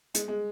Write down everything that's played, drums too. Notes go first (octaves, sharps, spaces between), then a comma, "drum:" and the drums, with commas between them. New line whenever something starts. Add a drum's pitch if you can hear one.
G#3, drum: hi-hat
G#3